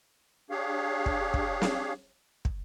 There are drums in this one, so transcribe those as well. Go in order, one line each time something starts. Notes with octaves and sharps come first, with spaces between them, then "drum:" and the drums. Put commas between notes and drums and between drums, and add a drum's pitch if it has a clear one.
D4 G4 G#4 C#5 F5
drum: kick
drum: kick
drum: snare
drum: kick